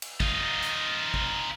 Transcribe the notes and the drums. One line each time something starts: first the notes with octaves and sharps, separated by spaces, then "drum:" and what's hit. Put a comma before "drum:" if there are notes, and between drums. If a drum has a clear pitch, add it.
drum: cymbal
D#4 F4, drum: kick
drum: hi-hat
drum: kick